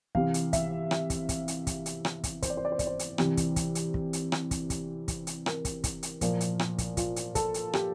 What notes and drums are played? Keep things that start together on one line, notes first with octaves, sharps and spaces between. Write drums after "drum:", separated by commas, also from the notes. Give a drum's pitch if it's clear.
C3 E3 F5, drum: kick
drum: hi-hat
E5, drum: kick, hi-hat
drum: rim click
drum: kick, hi-hat
drum: kick, hi-hat
drum: hi-hat
drum: kick, hi-hat
drum: hi-hat
drum: rim click
drum: kick, hi-hat
C5, drum: kick, hi-hat
D5
C5
D5
C5
D5, drum: kick, hi-hat
C5
drum: hi-hat
C3 E3, drum: rim click
drum: kick, hi-hat
drum: kick, hi-hat
drum: hi-hat
drum: kick
drum: hi-hat
drum: rim click
drum: kick, hi-hat
drum: kick, hi-hat
drum: kick, hi-hat
drum: hi-hat
A#4, drum: rim click
drum: kick, hi-hat
drum: kick, hi-hat
drum: hi-hat
A#2 F3 A#4, drum: kick, hi-hat
drum: hi-hat
drum: rim click
drum: kick, hi-hat
F4, drum: kick, hi-hat
drum: hi-hat
A4, drum: kick, hi-hat
drum: hi-hat
G4, drum: rim click